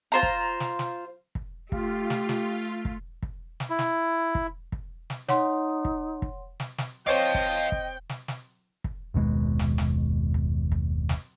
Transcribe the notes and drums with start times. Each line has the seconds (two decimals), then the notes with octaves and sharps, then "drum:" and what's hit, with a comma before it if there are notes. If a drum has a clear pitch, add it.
0.12 F4 C5 A#5
0.23 drum: kick
0.60 drum: snare
0.79 drum: snare
1.35 drum: kick
1.72 A3 F4 G4, drum: kick
2.10 drum: snare
2.29 drum: snare
2.85 drum: kick
3.23 drum: kick
3.60 drum: snare
3.70 E4
3.79 drum: snare
4.35 drum: kick
4.72 drum: kick
5.10 drum: snare
5.29 D#4 C#5 F#5 C6, drum: snare
5.85 drum: kick
6.22 drum: kick
6.60 drum: snare
6.78 drum: snare
7.07 C4 C#5 D#5 F5 G5 A5 D6
7.35 drum: kick
7.72 drum: kick
8.09 drum: snare
8.28 drum: snare
8.84 drum: kick
9.14 F#1 D#2 B2 G#3
9.59 drum: snare
9.78 drum: snare
10.34 drum: kick
10.72 drum: kick
11.09 drum: snare